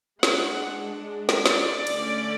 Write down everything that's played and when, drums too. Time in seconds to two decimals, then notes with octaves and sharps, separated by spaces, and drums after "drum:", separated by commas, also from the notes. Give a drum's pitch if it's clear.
0.23 G#3 D4 F#5, drum: snare
1.29 drum: snare
1.46 D5, drum: snare
1.87 D3 A3 C#4, drum: cymbal